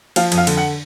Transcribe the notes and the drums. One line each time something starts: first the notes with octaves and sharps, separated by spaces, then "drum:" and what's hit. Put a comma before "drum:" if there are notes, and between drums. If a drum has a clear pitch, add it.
F3 F5, drum: cymbal
F2, drum: cymbal
F5
D3, drum: cymbal
F#5